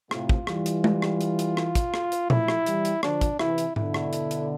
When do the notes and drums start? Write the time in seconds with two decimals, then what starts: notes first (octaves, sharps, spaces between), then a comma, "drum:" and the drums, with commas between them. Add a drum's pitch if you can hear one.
0.11 A2 C3 F4, drum: rim click
0.29 drum: kick
0.47 E3 G3, drum: rim click
0.66 drum: hi-hat
0.84 drum: tom G#3
1.02 drum: rim click
1.21 drum: hi-hat
1.39 drum: hi-hat
1.57 drum: rim click
1.75 drum: kick, hi-hat
1.94 drum: rim click
2.12 drum: hi-hat
2.30 F3 A3 E4, drum: tom A#2
2.48 drum: rim click
2.66 E3 G3, drum: hi-hat
2.85 drum: hi-hat
3.03 D3 F3 D4, drum: rim click
3.21 drum: kick, hi-hat
3.39 C3 E3 E4, drum: rim click
3.58 drum: hi-hat
3.76 B2 D3 E4, drum: tom G#2
3.94 drum: rim click
4.13 drum: hi-hat
4.31 drum: hi-hat